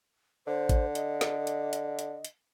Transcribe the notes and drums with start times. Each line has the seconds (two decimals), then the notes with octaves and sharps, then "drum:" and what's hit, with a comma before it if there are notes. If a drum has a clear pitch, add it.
0.47 D3 C5
0.69 drum: kick A1, hi-hat
0.95 D#5, drum: hi-hat
1.21 drum: snare
1.47 drum: hi-hat
1.73 drum: hi-hat
1.99 drum: hi-hat
2.25 drum: hi-hat